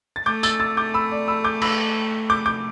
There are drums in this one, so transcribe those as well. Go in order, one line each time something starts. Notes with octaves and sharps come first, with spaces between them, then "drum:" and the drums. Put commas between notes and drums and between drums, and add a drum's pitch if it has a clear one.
A6
A3 D6 G6
E6 A6, drum: tambourine
E6 A6
D6 G6
B5 E6
D5
B5 E6
D6 G6
B5 E6, drum: cymbal
D6 G6
D6 G6